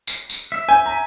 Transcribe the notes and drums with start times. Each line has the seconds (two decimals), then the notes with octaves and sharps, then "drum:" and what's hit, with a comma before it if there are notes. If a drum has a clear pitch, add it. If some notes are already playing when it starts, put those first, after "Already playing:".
0.07 drum: tambourine
0.30 drum: tambourine
0.52 E5
0.69 G#5 G6
0.86 A#5